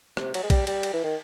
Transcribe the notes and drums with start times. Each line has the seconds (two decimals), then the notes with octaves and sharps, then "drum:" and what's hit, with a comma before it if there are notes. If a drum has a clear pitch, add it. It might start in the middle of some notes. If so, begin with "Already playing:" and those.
0.17 C3, drum: rim click
0.34 F#3, drum: cymbal
0.43 G#3
0.50 G3, drum: kick A#1, cymbal
0.67 G3, drum: cymbal
0.83 drum: cymbal
0.93 E3
1.04 D#3